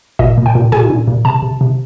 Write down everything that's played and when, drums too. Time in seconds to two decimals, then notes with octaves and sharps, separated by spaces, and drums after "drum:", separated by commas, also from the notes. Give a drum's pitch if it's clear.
0.19 A#2 D#5, drum: kick G#1
0.38 A#2
0.46 G5
0.55 A#2
0.72 A#2 G#5, drum: tom
0.90 A#2
1.07 A#2
1.25 C3 A5
1.42 C3
1.61 C3